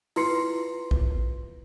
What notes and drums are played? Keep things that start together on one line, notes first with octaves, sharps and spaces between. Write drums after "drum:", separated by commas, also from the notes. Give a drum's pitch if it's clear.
E4 F4 B4 C6 C7 C#7, drum: open hi-hat
drum: kick A#1